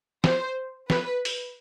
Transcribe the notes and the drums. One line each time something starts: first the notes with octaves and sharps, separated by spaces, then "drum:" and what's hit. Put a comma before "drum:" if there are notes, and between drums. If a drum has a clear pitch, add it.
C5, drum: snare
B4, drum: snare
drum: open hi-hat